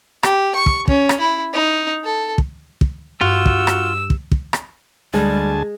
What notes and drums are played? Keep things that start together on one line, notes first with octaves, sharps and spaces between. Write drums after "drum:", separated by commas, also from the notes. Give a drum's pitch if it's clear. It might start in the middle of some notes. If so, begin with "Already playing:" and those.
G4, drum: rim click
C#6
drum: kick
C#4, drum: kick
drum: rim click
E4
D#4
A4
drum: kick
drum: kick
G2 F4 F#4 E6
drum: kick
drum: rim click
drum: kick
drum: kick
drum: rim click
D2 G3 G#3 G#5 A5